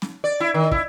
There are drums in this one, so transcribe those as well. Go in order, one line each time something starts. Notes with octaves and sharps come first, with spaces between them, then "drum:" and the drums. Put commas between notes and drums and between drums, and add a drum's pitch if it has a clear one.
drum: snare
D5
E4
D#3
E4, drum: kick